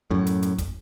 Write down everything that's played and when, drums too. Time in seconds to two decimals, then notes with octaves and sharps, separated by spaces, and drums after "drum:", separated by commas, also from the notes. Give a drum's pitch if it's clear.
0.11 F#2 A2
0.27 drum: hi-hat
0.42 drum: hi-hat
0.58 drum: kick, hi-hat